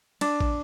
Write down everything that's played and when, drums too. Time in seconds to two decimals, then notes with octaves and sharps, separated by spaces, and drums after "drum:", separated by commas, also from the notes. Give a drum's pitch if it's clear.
0.21 D4, drum: cymbal
0.41 drum: kick